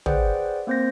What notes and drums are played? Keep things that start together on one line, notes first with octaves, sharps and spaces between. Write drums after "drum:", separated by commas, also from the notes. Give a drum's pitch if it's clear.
G#4 B4 C5 D5 F#5 G5, drum: tom
A#3 C4 C5 G6 A#6